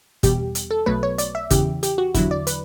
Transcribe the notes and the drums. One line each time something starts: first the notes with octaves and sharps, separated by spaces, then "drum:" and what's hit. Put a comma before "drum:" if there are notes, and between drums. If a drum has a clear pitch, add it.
E2 B2 G3 G4, drum: kick F#1, hi-hat
drum: hi-hat
A4
B1 B2 F#3 A3 B4
C#5
D5, drum: hi-hat
E5
E2 C#3 E3 G4, drum: kick F#1, hi-hat
G4, drum: hi-hat
F#4
E2 D3 F#3 E4, drum: kick F#1, hi-hat
D5
B4, drum: hi-hat